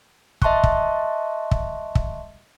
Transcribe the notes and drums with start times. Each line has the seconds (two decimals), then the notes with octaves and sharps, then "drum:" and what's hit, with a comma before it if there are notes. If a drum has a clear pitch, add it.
0.42 D#5 E5 A5 C6 C#6 F#6, drum: kick
0.64 drum: kick
1.51 drum: kick
1.95 drum: kick